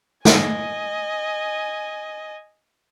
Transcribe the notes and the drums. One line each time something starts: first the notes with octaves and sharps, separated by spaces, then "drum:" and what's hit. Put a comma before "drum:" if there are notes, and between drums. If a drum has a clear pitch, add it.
D#5 G#5, drum: snare